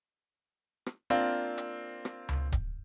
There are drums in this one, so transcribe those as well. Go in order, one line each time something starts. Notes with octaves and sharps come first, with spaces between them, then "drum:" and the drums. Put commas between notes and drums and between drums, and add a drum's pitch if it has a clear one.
drum: rim click
A#3 C4 D4 F4, drum: hi-hat
drum: hi-hat
drum: rim click
drum: tom C#2
drum: kick D1, hi-hat